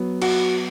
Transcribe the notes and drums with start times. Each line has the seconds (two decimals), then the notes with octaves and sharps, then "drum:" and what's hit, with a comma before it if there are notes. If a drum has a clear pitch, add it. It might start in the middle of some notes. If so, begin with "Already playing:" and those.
Already playing: F#3 B3
0.22 F#4, drum: cymbal